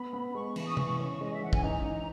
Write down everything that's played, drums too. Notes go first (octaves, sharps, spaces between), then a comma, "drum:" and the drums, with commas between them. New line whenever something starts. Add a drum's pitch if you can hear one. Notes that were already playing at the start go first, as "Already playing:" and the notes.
Already playing: B3 B5
B3
G#3 C#6
E3, drum: cymbal
D#6
E3 C#6, drum: tom
C#4 C#6
G#3 D#5
E5
E3 F#5
G#5, drum: kick
D#4 A#5
D#4